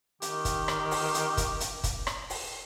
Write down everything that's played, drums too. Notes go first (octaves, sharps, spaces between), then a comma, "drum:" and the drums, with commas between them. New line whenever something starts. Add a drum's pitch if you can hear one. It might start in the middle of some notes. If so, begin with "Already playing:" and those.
D#3 G4, drum: hi-hat
drum: kick, hi-hat
drum: rim click
drum: open hi-hat
drum: hi-hat
drum: kick, hi-hat
drum: hi-hat
drum: kick, hi-hat
drum: rim click
drum: open hi-hat